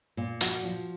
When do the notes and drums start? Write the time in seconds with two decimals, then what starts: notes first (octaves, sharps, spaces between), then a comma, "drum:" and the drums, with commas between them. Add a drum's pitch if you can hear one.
0.17 A#2
0.41 F3 F#4, drum: hi-hat
0.65 F3